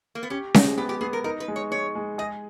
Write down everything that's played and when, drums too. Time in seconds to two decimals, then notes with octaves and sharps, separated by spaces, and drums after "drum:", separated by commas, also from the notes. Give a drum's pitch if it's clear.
0.15 A#3
0.23 B3
0.30 C#4 G4
0.54 G#3 D#4, drum: snare C#4
0.78 B3 G4
0.89 G4
1.01 B3 G#4
1.13 A#4
1.24 D#4 A#4
1.40 B4
1.48 G#3
1.56 C#5
1.71 G#3 C#5
1.95 G#3
2.18 G#4 D#5